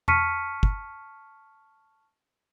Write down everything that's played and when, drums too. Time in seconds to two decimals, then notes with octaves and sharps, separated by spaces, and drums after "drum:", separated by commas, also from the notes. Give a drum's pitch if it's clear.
0.08 A5 C#6 F6 B6 C#7 D#7, drum: tom E2
0.63 drum: kick